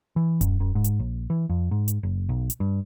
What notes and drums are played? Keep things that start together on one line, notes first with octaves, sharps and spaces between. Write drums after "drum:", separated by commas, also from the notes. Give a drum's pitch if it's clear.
E3
F#2, drum: kick D1, hi-hat
F#2
G#2
drum: hi-hat
A#1
E3
F2
G#2
drum: hi-hat
F#1
B1
drum: hi-hat
G2